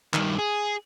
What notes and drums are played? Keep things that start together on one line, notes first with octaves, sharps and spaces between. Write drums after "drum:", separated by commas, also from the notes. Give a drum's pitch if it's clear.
G2 D#3, drum: clap
G#4